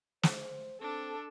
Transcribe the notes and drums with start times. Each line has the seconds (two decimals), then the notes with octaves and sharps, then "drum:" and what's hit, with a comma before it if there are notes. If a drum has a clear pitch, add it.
0.23 C5, drum: snare
0.81 C4 D4 A4